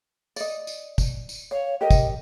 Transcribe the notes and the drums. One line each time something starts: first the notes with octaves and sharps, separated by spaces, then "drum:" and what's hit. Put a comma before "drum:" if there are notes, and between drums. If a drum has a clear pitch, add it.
D5 D#5, drum: tambourine
drum: tambourine
drum: kick, tambourine
drum: tambourine
C#5 F5
G4 A#4 D#5
drum: kick, tambourine